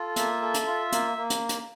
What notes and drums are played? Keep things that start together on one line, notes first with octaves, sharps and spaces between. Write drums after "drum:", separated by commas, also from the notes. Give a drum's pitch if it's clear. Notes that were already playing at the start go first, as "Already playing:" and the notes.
Already playing: F4 A4
A#3 E5, drum: hi-hat
A4
drum: hi-hat
F4
A#3, drum: hi-hat
A#3
drum: hi-hat
drum: hi-hat